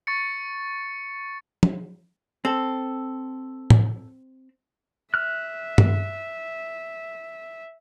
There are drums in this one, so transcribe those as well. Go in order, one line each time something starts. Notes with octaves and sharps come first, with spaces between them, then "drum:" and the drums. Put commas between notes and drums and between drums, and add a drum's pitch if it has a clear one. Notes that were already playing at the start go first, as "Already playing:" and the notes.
C#6 A6 C#7
drum: tom
C4 A4
drum: tom A2
E5 F6 F#6
drum: tom G2